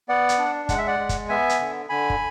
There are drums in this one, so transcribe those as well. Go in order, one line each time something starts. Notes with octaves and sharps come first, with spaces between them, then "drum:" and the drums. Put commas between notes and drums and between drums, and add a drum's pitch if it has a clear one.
B3 D5 F#5
drum: hi-hat
D4
G#3 F#5, drum: kick, hi-hat
E5
D5 F#5
G#3
drum: kick, hi-hat
B3 E5 G#5
drum: hi-hat
D3
D3 G#5 B5
drum: kick